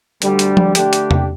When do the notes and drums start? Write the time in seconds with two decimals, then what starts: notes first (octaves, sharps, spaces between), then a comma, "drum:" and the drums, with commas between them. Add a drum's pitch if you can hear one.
0.22 D2 D3 G3, drum: hi-hat
0.39 drum: hi-hat
0.57 drum: tom F3
0.75 D3 A3 D4 G4, drum: hi-hat
0.93 drum: hi-hat
1.11 drum: tom